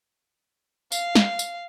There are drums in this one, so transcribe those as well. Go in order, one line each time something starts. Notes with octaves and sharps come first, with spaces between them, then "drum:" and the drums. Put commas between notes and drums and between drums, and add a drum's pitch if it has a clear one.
F5, drum: tambourine
drum: snare
drum: tambourine